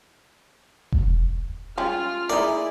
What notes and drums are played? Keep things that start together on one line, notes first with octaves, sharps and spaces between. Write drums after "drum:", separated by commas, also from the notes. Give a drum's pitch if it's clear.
drum: kick E1
G3 G#3 C#4 F4 F6
A#3 D#4 E4 G#4 D5